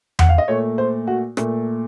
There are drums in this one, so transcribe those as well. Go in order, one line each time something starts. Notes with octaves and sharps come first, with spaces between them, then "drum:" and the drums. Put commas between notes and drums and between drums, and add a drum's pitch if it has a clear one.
F#5, drum: tom E2
F5
D#5
A#2 A3 C#5
C5
F#4
A#2 A3, drum: rim click